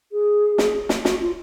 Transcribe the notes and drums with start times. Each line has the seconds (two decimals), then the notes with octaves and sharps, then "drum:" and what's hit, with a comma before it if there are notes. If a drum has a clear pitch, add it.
0.12 G#4
0.58 drum: snare
0.89 drum: snare
1.05 F#4, drum: snare
1.20 F4